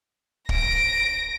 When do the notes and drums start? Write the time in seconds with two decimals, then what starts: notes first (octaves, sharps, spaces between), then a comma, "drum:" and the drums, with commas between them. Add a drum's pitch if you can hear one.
0.49 A#6 D7, drum: kick